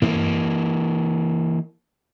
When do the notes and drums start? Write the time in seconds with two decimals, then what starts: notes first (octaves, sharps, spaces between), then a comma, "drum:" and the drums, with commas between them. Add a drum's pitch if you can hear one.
0.02 E3 A#3, drum: tom